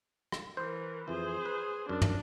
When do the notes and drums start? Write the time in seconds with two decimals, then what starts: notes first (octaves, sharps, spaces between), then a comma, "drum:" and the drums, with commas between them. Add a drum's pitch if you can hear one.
0.32 drum: rim click
0.57 E3 A#4 C5
1.08 F2 E3 G#4 C5
1.45 B4
1.89 F#2 D4
2.02 drum: tom